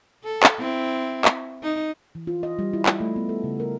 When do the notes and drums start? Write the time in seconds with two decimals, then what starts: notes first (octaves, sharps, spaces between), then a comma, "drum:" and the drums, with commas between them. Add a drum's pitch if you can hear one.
0.24 A4
0.43 drum: clap
0.59 C4 E4
1.25 drum: clap
1.63 D#4
2.15 E3
2.27 F4
2.43 D#5
2.59 G3
2.73 E4
2.86 E4, drum: clap
3.00 A3
3.16 B3
3.29 A4
3.44 C#3
3.60 A#4